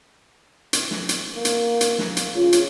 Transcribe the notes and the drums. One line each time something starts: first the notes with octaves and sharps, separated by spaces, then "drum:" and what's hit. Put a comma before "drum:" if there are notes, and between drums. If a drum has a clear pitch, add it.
drum: hi-hat
drum: snare
drum: hi-hat
A#3
drum: hi-hat
drum: hi-hat
drum: snare
drum: hi-hat
C#3 F4
drum: hi-hat